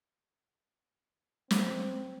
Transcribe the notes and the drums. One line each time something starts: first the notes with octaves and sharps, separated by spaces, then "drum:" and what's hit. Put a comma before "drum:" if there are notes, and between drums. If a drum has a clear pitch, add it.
C4, drum: snare